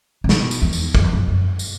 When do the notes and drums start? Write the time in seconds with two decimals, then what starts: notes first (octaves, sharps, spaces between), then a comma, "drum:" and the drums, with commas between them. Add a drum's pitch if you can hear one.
0.24 C#3
0.29 B2, drum: snare
0.51 drum: tambourine
0.62 E2
0.73 drum: tambourine
0.95 F#2, drum: kick
1.04 E2
1.13 F#2
1.27 F#2
1.59 drum: tambourine